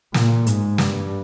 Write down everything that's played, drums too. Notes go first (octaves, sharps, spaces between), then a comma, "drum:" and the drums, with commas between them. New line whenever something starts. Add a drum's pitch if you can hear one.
A#2, drum: snare
G#2, drum: hi-hat
G2, drum: snare